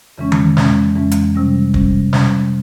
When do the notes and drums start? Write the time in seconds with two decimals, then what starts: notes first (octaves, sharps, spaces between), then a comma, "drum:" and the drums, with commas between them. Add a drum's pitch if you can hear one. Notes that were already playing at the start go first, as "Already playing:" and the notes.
0.18 F2 C#3 E3 G#3 C#4
0.32 drum: tom D#3
0.57 F2 C#3 E3 G#3 C#4, drum: snare
0.95 F2 C#3 E3 G#3 C#4
1.11 drum: hi-hat
1.35 C3 G3 C#4
1.74 C3 G3 C#4, drum: kick
2.13 C3 G3 C#4, drum: snare